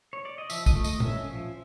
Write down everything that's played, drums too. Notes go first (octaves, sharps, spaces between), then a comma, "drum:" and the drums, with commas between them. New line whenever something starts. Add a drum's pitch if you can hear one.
C#5
D5
D#5
F3 E5, drum: tambourine
D#5, drum: kick, tambourine
A3
D#5, drum: tambourine
C#4 E5, drum: tom A#2
F3